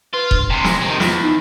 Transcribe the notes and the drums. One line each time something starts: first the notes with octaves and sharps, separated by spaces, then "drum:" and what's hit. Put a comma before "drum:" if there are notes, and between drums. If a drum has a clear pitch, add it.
F4 B4
G2, drum: kick E1
C3 G#3 G#5
drum: snare
C3 D#3 D7
E2 F4, drum: snare
D#4